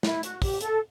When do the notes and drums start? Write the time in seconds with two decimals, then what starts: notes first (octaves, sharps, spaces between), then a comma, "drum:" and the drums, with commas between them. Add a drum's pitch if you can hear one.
0.03 E4, drum: snare
0.23 F#4, drum: hi-hat
0.42 G4, drum: kick, open hi-hat
0.61 A4, drum: hi-hat